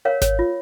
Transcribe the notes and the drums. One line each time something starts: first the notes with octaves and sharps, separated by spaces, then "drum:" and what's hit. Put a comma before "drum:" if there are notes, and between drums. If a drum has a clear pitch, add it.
A#4 C#5 F5
C#5, drum: snare G#1
F4